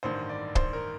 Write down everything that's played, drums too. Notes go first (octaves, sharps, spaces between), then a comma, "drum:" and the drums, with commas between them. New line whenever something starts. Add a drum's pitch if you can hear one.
A1 G2 D#3 C5
D5
C5, drum: kick
A#4